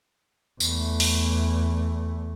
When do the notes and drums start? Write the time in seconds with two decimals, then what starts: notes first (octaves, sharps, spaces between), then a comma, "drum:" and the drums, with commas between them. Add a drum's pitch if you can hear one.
0.60 E2 A3, drum: tambourine
1.00 drum: open hi-hat